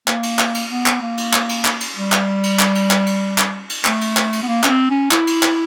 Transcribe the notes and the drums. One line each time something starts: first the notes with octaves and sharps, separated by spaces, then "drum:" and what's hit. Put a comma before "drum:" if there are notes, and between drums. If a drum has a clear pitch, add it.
A#3, drum: clap
drum: cymbal
drum: clap
drum: cymbal
B3
drum: clap
A#3
drum: cymbal
drum: clap
drum: cymbal
drum: clap
drum: cymbal
G3
drum: clap
drum: cymbal
drum: clap
drum: cymbal
drum: clap
drum: cymbal
drum: clap
drum: cymbal
A3, drum: clap
drum: cymbal
drum: clap
drum: cymbal
B3
A#3
C#4, drum: clap
C4
C#4
E4, drum: clap
drum: cymbal
drum: clap